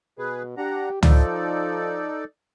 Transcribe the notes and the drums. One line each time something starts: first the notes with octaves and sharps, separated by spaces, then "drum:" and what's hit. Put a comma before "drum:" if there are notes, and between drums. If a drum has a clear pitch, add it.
B2 G#4 B4
D4 G4 F#5 A#5
F3 D#4 A4 D5, drum: tom